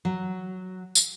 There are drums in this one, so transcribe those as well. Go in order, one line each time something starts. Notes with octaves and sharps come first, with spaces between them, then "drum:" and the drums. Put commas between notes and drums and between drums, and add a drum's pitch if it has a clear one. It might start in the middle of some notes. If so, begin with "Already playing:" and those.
F#3
drum: tambourine